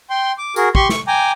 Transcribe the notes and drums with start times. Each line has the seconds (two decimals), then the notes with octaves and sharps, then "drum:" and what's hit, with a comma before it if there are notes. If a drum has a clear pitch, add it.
0.10 G5 C6
0.38 D6
0.56 F#4 G#4 A#4, drum: tambourine
0.75 G4 C6 C#6, drum: kick
0.89 C#6, drum: snare
1.07 G5 G#5 A#5 D6